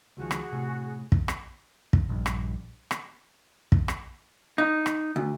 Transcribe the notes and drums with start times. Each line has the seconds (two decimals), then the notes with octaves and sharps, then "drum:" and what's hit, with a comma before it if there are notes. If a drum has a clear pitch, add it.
0.17 C#2 D#3 F3 F#4 G#4
0.31 drum: rim click
0.52 A2 C3
1.12 drum: kick
1.28 drum: rim click
1.93 drum: kick
2.09 A#1 G2
2.26 drum: rim click
2.91 drum: rim click
3.72 drum: kick
3.88 drum: rim click
4.58 D#4
4.86 drum: rim click
5.16 D2